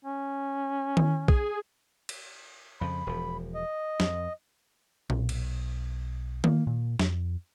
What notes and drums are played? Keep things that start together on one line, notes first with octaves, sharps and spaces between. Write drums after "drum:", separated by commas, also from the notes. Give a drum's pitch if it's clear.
C#4
drum: tom D#3
G#4, drum: kick
drum: cymbal
F2 C#3 F3 B5
E1 F3
D#5
F2, drum: snare
B1, drum: tom A#2
drum: cymbal
A#3, drum: tom D#3
A#2
F2, drum: snare